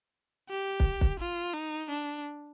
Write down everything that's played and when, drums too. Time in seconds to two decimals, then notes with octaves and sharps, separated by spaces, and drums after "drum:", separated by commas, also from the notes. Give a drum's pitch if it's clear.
0.49 G4
0.80 drum: kick
1.01 drum: kick
1.20 F4
1.54 D#4
1.90 D4